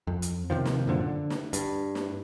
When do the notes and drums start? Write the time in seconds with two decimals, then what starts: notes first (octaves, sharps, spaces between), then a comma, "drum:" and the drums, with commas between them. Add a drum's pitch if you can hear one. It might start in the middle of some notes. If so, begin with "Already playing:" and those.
0.07 F2
0.22 drum: hi-hat
0.50 C3 D#3 F3
0.65 drum: snare
0.87 F#2 A#2 D3 F3
1.01 D3
1.30 drum: snare
1.53 G2, drum: hi-hat
1.95 drum: snare